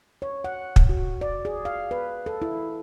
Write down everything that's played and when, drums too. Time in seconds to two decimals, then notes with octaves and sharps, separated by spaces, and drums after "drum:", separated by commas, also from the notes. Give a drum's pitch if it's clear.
0.22 C#5
0.44 F#5
0.76 drum: kick
0.89 F#4
1.21 D5
1.45 G#4
1.65 F5
1.91 B4
2.26 A4
2.42 E4